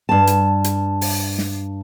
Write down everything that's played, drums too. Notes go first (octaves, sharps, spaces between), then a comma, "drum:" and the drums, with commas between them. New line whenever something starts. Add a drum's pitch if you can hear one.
G2 A5
drum: hi-hat
drum: hi-hat
drum: open hi-hat
drum: snare